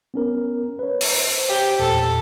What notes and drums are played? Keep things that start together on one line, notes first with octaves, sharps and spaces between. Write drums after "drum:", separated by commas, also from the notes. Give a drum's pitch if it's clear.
B3 C#4 A#4
B4 C#5
drum: open hi-hat
C5
G4
E2 A#2 A4